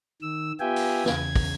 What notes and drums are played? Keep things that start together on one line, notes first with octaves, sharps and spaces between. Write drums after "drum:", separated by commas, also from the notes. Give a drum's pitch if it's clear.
D#3 E6
B3 F4 G4 E5 G5 G#5
drum: open hi-hat
E2 C#3 G#6, drum: snare
drum: kick, open hi-hat